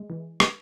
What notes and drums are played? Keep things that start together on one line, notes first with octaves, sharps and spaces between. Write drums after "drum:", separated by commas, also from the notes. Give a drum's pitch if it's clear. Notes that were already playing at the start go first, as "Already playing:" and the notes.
Already playing: G#3
E3
drum: rim click